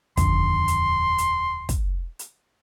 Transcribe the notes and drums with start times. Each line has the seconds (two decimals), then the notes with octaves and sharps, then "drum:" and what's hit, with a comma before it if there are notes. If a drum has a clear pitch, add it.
0.17 D#1 F2 D3 C6, drum: kick, hi-hat
0.68 drum: hi-hat
1.18 drum: hi-hat
1.69 drum: kick, hi-hat
2.19 drum: hi-hat